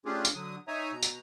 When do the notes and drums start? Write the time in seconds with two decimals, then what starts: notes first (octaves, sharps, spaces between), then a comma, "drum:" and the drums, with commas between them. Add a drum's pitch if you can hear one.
0.05 A3 C#4 D4 F4 G4 G#4
0.25 drum: tambourine
0.35 D3 F#3 D#6
0.68 D#4 C#5 E5 G#5 A#5 D#6
0.92 B2 A#5
1.03 drum: tambourine